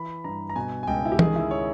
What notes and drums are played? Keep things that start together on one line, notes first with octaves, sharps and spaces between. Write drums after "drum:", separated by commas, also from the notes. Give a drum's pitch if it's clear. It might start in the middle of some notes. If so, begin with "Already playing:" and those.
Already playing: E3 B5
G2 A#5
A#5
B2 G#5
G#5
C#2 G5
E4
G4
D#3 G#4, drum: tom E3
E4
C#5